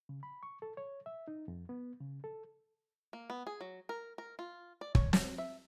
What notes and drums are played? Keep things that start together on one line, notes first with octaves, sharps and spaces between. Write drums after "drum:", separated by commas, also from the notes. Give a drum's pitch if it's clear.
C#3
B5
C#6
A4
C#5
E5
D#4
F2
B3
C#3
A4
A#3
B3
G#4
F#3
A#4
A#4
F4
D5
C#5, drum: kick
F#3, drum: snare
E5